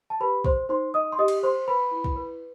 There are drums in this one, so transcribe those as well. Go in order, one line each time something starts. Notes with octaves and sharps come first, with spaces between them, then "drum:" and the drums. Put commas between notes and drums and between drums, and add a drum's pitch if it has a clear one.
A5
G4 B4 B5
C5 C6, drum: kick
D#4 C5 C6
D#4 D#5 D#6
C6
G4 D#5 D#6
drum: cymbal
C5 C6
B4 B5
E4
drum: kick
B4